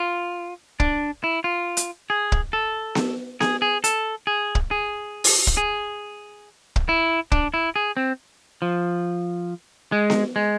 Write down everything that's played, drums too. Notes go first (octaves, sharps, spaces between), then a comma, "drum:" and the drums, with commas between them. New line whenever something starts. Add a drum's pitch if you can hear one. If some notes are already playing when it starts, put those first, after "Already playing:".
Already playing: F4
D4, drum: kick
E4
F4
drum: hi-hat
G#4
drum: kick
A4
drum: snare B3
G#4, drum: snare B3
G#4
A4, drum: hi-hat
G#4
drum: kick
G#4
drum: open hi-hat
drum: kick
G#4
drum: kick
E4
D4, drum: kick
E4
G#4
C4
F3
G#3
drum: snare B3
G#3